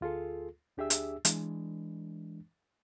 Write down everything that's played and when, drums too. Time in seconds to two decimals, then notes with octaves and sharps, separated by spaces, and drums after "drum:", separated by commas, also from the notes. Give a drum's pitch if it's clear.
0.01 D2 F4 G#4 A4
0.77 D2 D4 G4 G#4 E5 E6
0.90 drum: hi-hat
1.25 E3 G#3 D4, drum: hi-hat